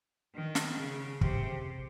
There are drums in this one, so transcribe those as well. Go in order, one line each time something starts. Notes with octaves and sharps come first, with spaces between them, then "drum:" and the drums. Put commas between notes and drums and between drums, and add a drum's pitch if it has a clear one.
D#3
drum: snare
C#3
C3, drum: kick